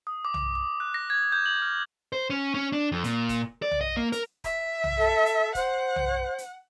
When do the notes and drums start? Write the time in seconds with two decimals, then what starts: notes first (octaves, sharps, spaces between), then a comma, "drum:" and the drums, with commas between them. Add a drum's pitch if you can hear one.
0.07 D#6
0.25 D6
0.34 drum: tom
0.55 D6
0.80 F#6
0.94 A#6
1.10 G#6
1.32 G6
1.46 F#7
1.62 F6
2.13 C5
2.30 C#4
2.54 C#4
2.72 D4
2.92 F2
3.04 A#2, drum: hi-hat
3.29 drum: kick, hi-hat
3.62 D5
3.71 drum: tom
3.81 D#5
3.97 A#3
4.12 A#4, drum: hi-hat
4.44 E5, drum: kick, hi-hat
4.84 drum: tom
4.97 A4
5.26 drum: hi-hat
5.55 C5 F#5, drum: kick, hi-hat
5.96 drum: tom
6.38 drum: hi-hat